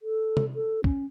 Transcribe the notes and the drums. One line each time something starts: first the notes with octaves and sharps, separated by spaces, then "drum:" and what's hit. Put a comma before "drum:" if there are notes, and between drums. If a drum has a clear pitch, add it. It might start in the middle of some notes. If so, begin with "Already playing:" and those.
A4
drum: tom C3
A4
C#4, drum: kick